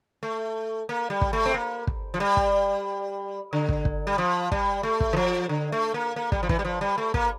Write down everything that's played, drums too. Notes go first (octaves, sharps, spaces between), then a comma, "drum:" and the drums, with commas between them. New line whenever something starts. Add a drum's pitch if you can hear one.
A3
A#3
G3
drum: kick
A3
C4
A#3
drum: kick
F3
G3
drum: kick
D3
drum: kick
drum: kick
G3
F3
G3, drum: kick
A3
drum: kick
E3
F3
D3
A3
A#3
A#3
G3, drum: kick
F3
E3, drum: kick
G3
F3
G3
A3
A#3, drum: kick